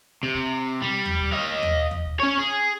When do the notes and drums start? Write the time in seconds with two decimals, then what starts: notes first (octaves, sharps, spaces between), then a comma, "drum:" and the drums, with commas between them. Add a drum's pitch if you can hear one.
0.23 C3
0.34 drum: kick
0.82 G3
1.06 drum: tom D#2
1.20 drum: kick
1.33 D#5 F5
1.63 drum: tom D#2
1.91 drum: tom D#2
2.05 drum: kick
2.20 C#4 C#5
2.38 G#4